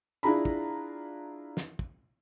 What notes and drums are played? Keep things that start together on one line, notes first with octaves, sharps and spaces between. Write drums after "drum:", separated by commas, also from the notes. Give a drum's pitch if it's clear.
D4 E4 F4 G#4 A#5 B5
drum: kick
drum: snare
drum: kick